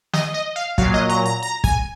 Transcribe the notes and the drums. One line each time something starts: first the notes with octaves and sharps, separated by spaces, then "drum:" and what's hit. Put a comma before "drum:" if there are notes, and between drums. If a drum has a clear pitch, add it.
D#5, drum: snare
D#5
F5
A#2 F#3 F5, drum: kick
D#5
A#5
A#5
A#5
G#5, drum: kick